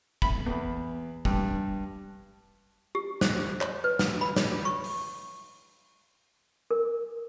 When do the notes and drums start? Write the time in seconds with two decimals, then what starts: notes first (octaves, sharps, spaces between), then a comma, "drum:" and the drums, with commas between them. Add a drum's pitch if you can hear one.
0.22 B5, drum: kick
0.46 E2
1.25 G2, drum: kick
2.95 G4
3.21 C5, drum: snare
3.61 C#5, drum: clap
3.84 B4
3.99 drum: snare
4.21 B5
4.36 C#5, drum: snare
4.65 C#6
4.84 drum: open hi-hat
6.71 A#4